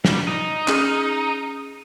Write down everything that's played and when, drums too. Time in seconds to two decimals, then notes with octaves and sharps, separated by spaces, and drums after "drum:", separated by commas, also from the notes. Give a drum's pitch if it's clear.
0.05 A#2 G3, drum: snare
0.27 D#4
0.68 C#4 G#4 F6, drum: clap